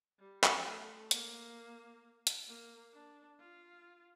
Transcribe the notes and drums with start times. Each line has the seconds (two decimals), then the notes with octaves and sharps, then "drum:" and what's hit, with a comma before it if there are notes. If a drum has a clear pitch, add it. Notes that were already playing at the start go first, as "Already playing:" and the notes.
0.19 G3
0.43 drum: clap
0.66 A3
1.11 A#3, drum: hi-hat
2.27 drum: hi-hat
2.47 A#3
2.93 D4
3.39 F4